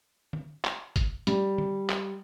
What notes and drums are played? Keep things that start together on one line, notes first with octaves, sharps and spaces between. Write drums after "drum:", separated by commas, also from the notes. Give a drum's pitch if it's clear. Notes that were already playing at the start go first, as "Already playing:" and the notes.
drum: tom
drum: clap
drum: kick, hi-hat
G3, drum: hi-hat
drum: tom
drum: clap